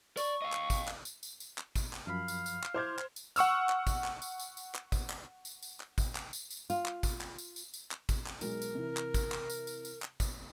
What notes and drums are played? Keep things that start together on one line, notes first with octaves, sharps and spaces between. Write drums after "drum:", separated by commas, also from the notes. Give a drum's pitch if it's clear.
D5 C#6, drum: tambourine
D#5 F5
drum: clap
drum: kick, tambourine
drum: clap
drum: tambourine
drum: tambourine
drum: tambourine
drum: clap
drum: kick, tambourine
drum: clap
F#2 F3 F5 B5
drum: tambourine
drum: tambourine
drum: clap
E4 C5 D6 F6 G6 G#6
drum: clap
drum: tambourine
F#5 C#6 E6 F6, drum: tambourine
drum: clap
drum: kick, tambourine
drum: clap
drum: tambourine
drum: tambourine
drum: tambourine
drum: clap
drum: kick, tambourine
drum: clap
drum: tambourine
drum: tambourine
drum: clap
drum: kick, tambourine
drum: clap
drum: tambourine
drum: tambourine
F4, drum: tambourine
drum: clap
drum: kick, tambourine
drum: clap
drum: tambourine
drum: tambourine
drum: tambourine
drum: clap
drum: kick, tambourine
drum: clap
B1 G#3 A#4, drum: tambourine
drum: tambourine
C3 E3
drum: clap
drum: kick, tambourine
drum: clap
drum: tambourine
drum: tambourine
drum: tambourine
drum: clap
drum: kick, tambourine